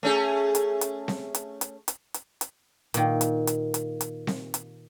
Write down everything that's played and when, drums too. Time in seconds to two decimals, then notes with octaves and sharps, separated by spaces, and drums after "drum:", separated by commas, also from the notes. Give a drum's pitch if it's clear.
0.03 A3 C#4 G#4
0.55 drum: hi-hat
0.81 drum: hi-hat
1.08 drum: snare C4
1.35 drum: hi-hat
1.61 drum: hi-hat
1.88 drum: hi-hat
2.14 drum: hi-hat
2.41 drum: hi-hat
2.94 A#2 D#3, drum: hi-hat
3.21 drum: hi-hat
3.47 drum: hi-hat
3.74 drum: hi-hat
4.01 drum: hi-hat
4.27 drum: snare C4
4.54 drum: hi-hat